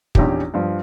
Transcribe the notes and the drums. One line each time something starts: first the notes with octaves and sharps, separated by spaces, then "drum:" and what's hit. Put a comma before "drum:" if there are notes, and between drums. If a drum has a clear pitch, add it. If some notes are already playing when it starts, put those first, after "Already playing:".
A#1 E2 C#4 D#4 G4, drum: kick
G2 F3